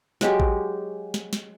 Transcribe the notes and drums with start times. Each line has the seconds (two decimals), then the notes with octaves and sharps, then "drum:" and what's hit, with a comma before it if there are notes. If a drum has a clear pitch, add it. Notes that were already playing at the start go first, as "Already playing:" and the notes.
0.21 F#3 G#3 G4, drum: snare
0.40 drum: kick A1
1.14 drum: snare
1.33 drum: snare